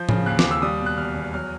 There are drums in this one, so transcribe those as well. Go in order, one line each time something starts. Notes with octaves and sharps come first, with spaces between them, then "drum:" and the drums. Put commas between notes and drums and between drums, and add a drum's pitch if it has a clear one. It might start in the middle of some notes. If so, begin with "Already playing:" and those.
Already playing: F3 G6
C#3, drum: tom A2
D#2 F#6
D6, drum: snare
D#2
E6
G3 D#6
B2
F#6
E2 F6
E2
F#3 F6